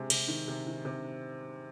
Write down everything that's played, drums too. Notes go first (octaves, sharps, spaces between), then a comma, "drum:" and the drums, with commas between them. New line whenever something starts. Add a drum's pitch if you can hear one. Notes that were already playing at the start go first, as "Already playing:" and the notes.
Already playing: C3 G#3
C3, drum: cymbal
D#3
C3
D#3
C3